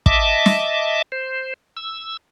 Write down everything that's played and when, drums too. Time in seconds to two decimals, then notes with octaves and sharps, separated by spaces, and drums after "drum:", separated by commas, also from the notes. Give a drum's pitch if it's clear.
0.06 D#5 E5 A5 D6, drum: kick
0.46 drum: snare
1.12 C5
1.77 E6